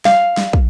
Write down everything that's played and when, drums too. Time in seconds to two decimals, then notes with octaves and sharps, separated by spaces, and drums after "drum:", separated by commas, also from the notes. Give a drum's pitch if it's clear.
0.05 F5, drum: snare
0.37 drum: snare
0.53 drum: kick